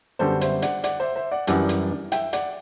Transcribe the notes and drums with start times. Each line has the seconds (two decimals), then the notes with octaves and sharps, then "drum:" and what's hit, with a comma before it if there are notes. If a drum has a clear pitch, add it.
0.19 F#2 D3 G3 B3 F#4 A4 C5
0.41 C5 E5, drum: hi-hat
0.62 D5 F#5, drum: hi-hat
0.84 D5 F#5, drum: hi-hat
1.00 C5 E5
1.15 C5 E5
1.32 D5 F#5
1.47 F#2 E3 G3 D4 D5 F#5, drum: hi-hat
1.69 drum: hi-hat
2.12 E5 G5, drum: hi-hat
2.33 D5 F#5, drum: hi-hat